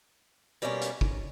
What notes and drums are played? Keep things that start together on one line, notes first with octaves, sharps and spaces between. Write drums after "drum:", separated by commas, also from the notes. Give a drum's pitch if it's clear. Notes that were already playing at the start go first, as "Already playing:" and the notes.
B2 G3 A#3 C#4 F4
drum: hi-hat
drum: kick